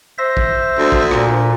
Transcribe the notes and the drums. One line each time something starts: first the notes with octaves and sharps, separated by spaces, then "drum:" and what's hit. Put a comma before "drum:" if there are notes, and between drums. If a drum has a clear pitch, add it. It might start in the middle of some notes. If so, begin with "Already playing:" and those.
C5 E5 A#6
drum: kick
D2
drum: kick
A#2, drum: rim click